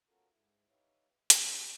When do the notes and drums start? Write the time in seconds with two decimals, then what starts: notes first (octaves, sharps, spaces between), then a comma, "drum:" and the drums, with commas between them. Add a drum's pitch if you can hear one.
0.08 B3 C#4 F4 F#4 A4 A#4
0.29 G#2 E4
0.69 D#4 G4 B4 C#5 E5 F5
1.30 E3 E4, drum: hi-hat